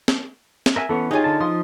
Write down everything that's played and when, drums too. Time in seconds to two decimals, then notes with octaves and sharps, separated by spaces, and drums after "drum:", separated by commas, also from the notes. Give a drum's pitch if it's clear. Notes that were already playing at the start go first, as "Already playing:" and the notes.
0.08 drum: snare
0.66 drum: snare
0.76 A#4 E5 G#5
0.89 E3 B3 C#4 A4
1.11 D#4 F4 G4 G#4 C#5 G#5
1.24 D3 A5
1.40 F3 C6 D#6